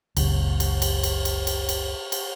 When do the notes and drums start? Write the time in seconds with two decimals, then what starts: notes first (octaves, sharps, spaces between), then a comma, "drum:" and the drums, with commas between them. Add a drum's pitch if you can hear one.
0.17 F#1 C#2, drum: cymbal
0.60 drum: cymbal
0.82 drum: cymbal
1.03 drum: cymbal
1.25 drum: cymbal
1.47 drum: cymbal
1.69 drum: cymbal
2.12 drum: cymbal